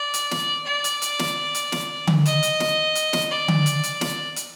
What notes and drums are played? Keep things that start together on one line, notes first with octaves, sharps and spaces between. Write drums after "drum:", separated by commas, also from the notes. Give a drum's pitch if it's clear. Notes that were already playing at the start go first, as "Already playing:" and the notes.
Already playing: D5
drum: hi-hat
drum: snare
D5
drum: hi-hat
drum: hi-hat
drum: snare
drum: hi-hat
drum: snare
drum: tom D3
D#5, drum: hi-hat
drum: hi-hat
drum: snare
drum: hi-hat
drum: snare
D5
drum: tom D3
drum: hi-hat
drum: hi-hat
drum: snare
drum: hi-hat